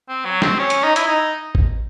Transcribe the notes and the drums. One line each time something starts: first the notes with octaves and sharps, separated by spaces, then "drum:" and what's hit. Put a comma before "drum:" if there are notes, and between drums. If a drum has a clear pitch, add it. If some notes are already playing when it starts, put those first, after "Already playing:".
C4
F#3
C4, drum: snare
C#4
drum: hi-hat
D#4
E4, drum: hi-hat
D#4
drum: kick